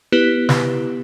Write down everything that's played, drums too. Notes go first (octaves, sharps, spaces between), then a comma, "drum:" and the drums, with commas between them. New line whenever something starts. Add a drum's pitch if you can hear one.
B3 E4 G4 B4
drum: snare